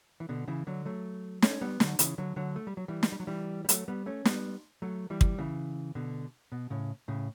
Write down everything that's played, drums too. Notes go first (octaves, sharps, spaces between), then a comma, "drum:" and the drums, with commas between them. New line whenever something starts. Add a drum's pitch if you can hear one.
E3
B2 D3
C#3 E3
D3 F#3
F#3 A3
A3 C#4, drum: snare
G3 B3
D3 F#3, drum: snare
C#3 E3, drum: hi-hat
D3 F#3
D3 F#3
A3
G3
F#3
E3 G3
drum: snare
G3
F#3
E3 G3
G3
F#3 A3, drum: hi-hat
G3 B3
A3 C#4
G3 B3, drum: snare
F#3 A3
E3 G3
drum: kick
C#3 E3
B2 D3
B2
A2 C#3
A2 C#3